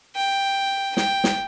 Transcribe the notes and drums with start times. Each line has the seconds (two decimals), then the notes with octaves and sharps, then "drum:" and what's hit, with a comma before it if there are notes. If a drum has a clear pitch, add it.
0.16 G5
0.97 G5, drum: snare
1.24 drum: snare